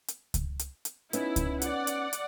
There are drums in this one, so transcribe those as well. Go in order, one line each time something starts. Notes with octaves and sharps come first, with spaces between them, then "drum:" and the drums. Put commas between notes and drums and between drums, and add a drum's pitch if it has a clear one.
drum: hi-hat
drum: kick C#2, hi-hat
drum: hi-hat
drum: hi-hat
B3 C#4 D#4 E4, drum: hi-hat
drum: kick C#2, hi-hat
D5 F#5, drum: hi-hat
drum: hi-hat
drum: hi-hat